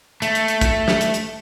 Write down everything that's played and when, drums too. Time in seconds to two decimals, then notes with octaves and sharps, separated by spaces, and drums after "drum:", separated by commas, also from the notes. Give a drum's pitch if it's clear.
0.22 A3, drum: hi-hat
0.35 drum: hi-hat
0.48 drum: hi-hat
0.61 drum: kick, hi-hat
0.88 drum: snare
1.01 drum: hi-hat
1.14 drum: hi-hat